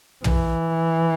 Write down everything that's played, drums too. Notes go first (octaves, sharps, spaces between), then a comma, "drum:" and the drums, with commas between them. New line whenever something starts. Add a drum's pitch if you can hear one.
E3, drum: tom